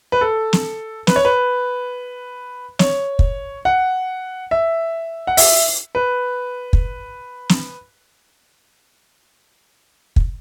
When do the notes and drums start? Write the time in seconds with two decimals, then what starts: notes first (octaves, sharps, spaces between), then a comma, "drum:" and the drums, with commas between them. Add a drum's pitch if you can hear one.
0.12 B4
0.21 A4
0.53 drum: snare
1.07 B4, drum: snare
1.16 C#5
1.25 B4
2.79 C#5, drum: snare
3.19 drum: kick
3.65 F#5
4.51 E5
5.27 F#5
5.37 E5, drum: open hi-hat
5.95 B4
6.73 drum: kick
7.49 drum: snare
10.16 drum: kick